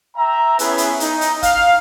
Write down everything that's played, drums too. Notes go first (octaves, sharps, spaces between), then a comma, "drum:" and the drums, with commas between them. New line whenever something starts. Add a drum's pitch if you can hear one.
E5 G5 A#5
B3 C#4 E4 G#4 B4, drum: hi-hat
drum: hi-hat
D#4, drum: hi-hat
drum: hi-hat
F5, drum: kick, hi-hat